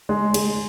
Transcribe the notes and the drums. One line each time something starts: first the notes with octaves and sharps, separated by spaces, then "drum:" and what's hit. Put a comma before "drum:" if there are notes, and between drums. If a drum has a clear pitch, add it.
G#3
G#3, drum: cymbal